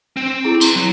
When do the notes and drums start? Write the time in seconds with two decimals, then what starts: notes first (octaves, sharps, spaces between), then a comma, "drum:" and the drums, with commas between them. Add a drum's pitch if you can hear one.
0.17 C4
0.44 E4 G#4 A#5
0.61 B3 C6, drum: tambourine
0.75 F#3